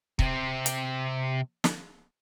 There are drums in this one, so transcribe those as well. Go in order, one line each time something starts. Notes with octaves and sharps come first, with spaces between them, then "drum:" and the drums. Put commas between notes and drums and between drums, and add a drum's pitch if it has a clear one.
C3 C4, drum: kick
drum: hi-hat
drum: snare